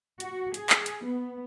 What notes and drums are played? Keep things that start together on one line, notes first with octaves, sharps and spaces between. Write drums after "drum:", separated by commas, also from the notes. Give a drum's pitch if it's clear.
F#4, drum: hi-hat
G#4, drum: hi-hat
drum: clap
drum: hi-hat
B3